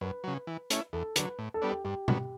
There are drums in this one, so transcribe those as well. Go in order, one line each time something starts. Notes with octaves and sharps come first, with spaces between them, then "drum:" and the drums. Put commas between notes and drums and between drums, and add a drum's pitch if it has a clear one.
F#2 B4
C#3 F#3
E3
A3 C#4 E4, drum: hi-hat
E2 A4
D3 F#3 B4, drum: hi-hat
A2
A4
G3 B3 D4
G4
G2 G4
D3 F#3 B3, drum: tom B2